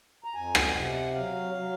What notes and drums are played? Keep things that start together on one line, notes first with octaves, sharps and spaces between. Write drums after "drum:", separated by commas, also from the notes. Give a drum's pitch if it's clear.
A#5
F2 G#5
drum: rim click
C3 F#5
F#3 F5
F#3